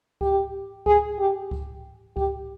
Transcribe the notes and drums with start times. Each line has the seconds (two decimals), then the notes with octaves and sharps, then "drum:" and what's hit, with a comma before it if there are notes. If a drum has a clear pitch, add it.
0.21 G4, drum: kick C#2
0.86 G#4, drum: kick C#2
1.19 G4
1.51 drum: kick C#2
2.17 G4, drum: kick C#2